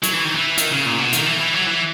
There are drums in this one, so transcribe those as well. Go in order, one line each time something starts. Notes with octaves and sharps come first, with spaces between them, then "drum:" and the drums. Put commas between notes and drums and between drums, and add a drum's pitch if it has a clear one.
F#3, drum: hi-hat
E3
D#3
E3
D#3, drum: hi-hat
C#3
A#2
B2
D#3, drum: hi-hat
E3
E3
F#3
E3